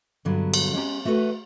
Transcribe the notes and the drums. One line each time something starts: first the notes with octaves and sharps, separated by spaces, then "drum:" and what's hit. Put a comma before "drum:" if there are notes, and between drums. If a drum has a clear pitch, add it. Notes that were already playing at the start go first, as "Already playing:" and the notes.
G2 B2 D3 F#3 G3
drum: cymbal
G#3 C#4 G4 A#5
A3 F#4 A4 B4 E5